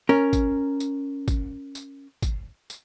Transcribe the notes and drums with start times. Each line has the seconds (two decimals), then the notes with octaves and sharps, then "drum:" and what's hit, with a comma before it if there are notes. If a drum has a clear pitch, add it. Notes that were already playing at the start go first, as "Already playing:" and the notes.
0.09 C#4 A#4
0.33 drum: kick, tambourine
0.80 drum: tambourine
1.28 drum: kick, tambourine
1.75 drum: tambourine
2.22 drum: kick, tambourine
2.70 drum: tambourine